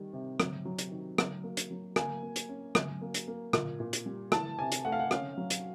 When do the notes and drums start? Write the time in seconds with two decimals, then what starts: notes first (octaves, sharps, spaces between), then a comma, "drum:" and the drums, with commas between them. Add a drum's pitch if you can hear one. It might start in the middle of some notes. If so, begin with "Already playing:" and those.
Already playing: D#3 G3
0.13 C3
0.40 F#3, drum: rim click
0.65 F#3
0.79 drum: hi-hat
0.91 D#3
1.18 F#3, drum: rim click
1.43 A#3
1.57 drum: hi-hat
1.71 F#3
1.96 A#3 G#5, drum: rim click
2.23 A#3
2.36 drum: hi-hat
2.49 C#4
2.75 F#3, drum: rim click
3.01 A#3
3.14 drum: hi-hat
3.28 A#3
3.53 A#2, drum: rim click
3.80 A#2
3.93 drum: hi-hat
4.06 G3
4.32 E3 A5, drum: rim click
4.58 C3 G#5
4.72 drum: hi-hat
4.85 A3 F#5
4.92 F5
4.99 F#5
5.11 C#4 F5, drum: rim click
5.38 F#3
5.50 drum: hi-hat